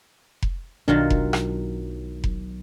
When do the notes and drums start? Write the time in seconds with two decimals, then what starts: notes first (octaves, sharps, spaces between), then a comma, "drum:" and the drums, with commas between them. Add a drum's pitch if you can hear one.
0.42 drum: kick F1
0.88 B1 D#3 F#3 D4 F4
1.10 drum: kick F1
1.33 drum: rim click
2.24 drum: kick F1